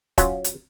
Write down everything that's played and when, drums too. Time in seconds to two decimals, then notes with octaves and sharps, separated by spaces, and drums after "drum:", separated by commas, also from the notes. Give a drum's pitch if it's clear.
0.18 F#3 C#4 F4, drum: kick, hi-hat
0.44 drum: hi-hat